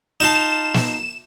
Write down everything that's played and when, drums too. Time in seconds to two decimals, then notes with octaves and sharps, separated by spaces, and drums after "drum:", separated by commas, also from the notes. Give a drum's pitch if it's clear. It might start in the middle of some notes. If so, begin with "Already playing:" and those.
0.20 D#4 F4 A5 E7
0.74 drum: snare